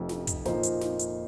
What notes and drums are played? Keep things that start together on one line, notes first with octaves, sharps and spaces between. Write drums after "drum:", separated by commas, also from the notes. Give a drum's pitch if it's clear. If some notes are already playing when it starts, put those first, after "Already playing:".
Already playing: F1 F2 C3
drum: snare
drum: kick, hi-hat
A#2 F3 A#3 D#4 C5, drum: snare
drum: hi-hat
drum: snare
drum: hi-hat